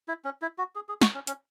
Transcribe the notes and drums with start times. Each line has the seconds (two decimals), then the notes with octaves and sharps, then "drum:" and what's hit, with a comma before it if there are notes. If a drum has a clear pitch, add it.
0.08 E4
0.25 C#4
0.42 E4
0.58 F#4
0.75 G#4
0.89 G#4
1.01 F#4, drum: snare
1.15 C#4
1.27 C#4, drum: hi-hat